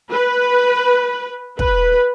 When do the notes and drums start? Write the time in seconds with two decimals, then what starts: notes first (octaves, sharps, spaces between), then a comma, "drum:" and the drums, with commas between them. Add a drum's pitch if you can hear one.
0.12 B4
1.59 B4, drum: kick